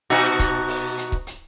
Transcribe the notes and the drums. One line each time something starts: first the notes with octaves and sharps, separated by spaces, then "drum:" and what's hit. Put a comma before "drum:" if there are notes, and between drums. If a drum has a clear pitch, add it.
B2 D#4 F#4, drum: hi-hat
drum: kick C#1, hi-hat
drum: open hi-hat
drum: hi-hat
drum: kick C#1
drum: hi-hat